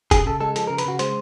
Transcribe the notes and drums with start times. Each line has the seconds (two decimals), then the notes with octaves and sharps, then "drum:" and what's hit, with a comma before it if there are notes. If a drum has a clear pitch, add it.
0.11 C#3 G#4, drum: kick, hi-hat
0.26 C#3 A4
0.41 G#3 A4
0.56 F3 A4, drum: hi-hat
0.67 C#3 A#4
0.78 B4, drum: hi-hat
0.86 C#3 F#4
0.99 G#3 C5, drum: hi-hat